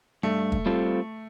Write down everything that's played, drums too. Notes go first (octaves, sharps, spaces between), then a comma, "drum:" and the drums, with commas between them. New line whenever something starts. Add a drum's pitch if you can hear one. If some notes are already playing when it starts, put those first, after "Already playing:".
G2 A3
drum: kick
G3 C4 F4 A4